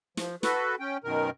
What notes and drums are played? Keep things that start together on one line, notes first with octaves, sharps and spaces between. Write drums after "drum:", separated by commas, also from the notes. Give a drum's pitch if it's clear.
F3, drum: snare
F#4 A4 B4, drum: snare
C#4 G5
F#2 B2 D#3 A#4